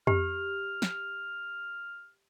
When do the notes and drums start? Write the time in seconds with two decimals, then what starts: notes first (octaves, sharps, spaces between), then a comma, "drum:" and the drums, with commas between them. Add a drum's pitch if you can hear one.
0.07 G4 F6, drum: tom F2
0.82 drum: snare